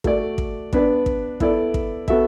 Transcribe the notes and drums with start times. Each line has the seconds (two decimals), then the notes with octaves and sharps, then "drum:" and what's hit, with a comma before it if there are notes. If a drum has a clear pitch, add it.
0.04 A3 F#4 D5, drum: kick
0.38 drum: kick
0.73 B3 D4 B4 D5, drum: kick
1.06 drum: kick
1.40 B3 E4 A4 D5, drum: kick
1.74 drum: kick
2.08 B3 F#4 A4 E5, drum: kick